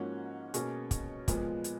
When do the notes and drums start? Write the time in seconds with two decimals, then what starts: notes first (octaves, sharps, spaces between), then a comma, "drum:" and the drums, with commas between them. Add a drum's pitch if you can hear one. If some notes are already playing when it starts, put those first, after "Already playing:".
Already playing: G#2 F3 A#3 C#4 F#4
0.54 B2 A#3 C#4 G#4 C#5, drum: hi-hat
0.91 drum: kick, hi-hat
1.28 A#2 F3 G#3 B3, drum: kick, hi-hat
1.64 drum: hi-hat